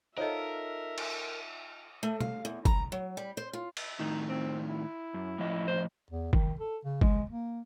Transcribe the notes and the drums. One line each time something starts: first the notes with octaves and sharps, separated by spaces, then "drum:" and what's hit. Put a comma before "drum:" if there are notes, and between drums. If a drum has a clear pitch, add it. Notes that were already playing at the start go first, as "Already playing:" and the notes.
D#4 F4 A4 A#4 C5 C#5 D#5 E5
drum: cymbal
A3
F5, drum: tom
E2
A#5, drum: kick G1
F#3
G3
C5
F4
drum: cymbal
A2 D#3 D#4
C4
E4
F#2
A2 F3 D#5
C5
E2
D#3, drum: kick G1
A4
C#3
G#3, drum: kick G1
A#3